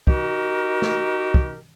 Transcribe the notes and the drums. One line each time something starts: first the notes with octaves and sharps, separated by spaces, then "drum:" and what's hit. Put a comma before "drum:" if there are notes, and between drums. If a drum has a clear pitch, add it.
D#4 F#4 G4 A#4, drum: kick
drum: snare
drum: kick